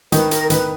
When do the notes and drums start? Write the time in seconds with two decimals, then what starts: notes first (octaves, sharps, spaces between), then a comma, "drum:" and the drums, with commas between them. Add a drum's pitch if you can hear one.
0.12 D#3 B4, drum: hi-hat
0.31 A#4, drum: hi-hat
0.50 D#3 B4, drum: hi-hat